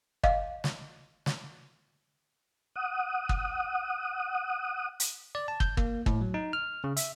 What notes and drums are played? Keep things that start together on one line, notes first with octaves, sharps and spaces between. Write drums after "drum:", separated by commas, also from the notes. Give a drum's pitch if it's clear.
D#5 F5, drum: kick
drum: snare
drum: snare
F#5 D#6
drum: kick
drum: hi-hat
D5
A5
G6, drum: kick
A#3, drum: kick
A2, drum: kick
F#3
D#4
F6
C#3
E5, drum: hi-hat